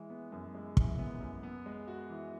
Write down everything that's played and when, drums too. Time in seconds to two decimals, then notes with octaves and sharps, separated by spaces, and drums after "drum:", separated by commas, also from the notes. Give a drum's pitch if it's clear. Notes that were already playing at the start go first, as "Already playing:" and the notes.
Already playing: E3 G#3
0.10 B3
0.32 F#2
0.55 G#3
0.77 E3, drum: kick
0.99 B3
1.20 F#2
1.43 B3
1.66 G#3
1.88 F#4
2.10 E3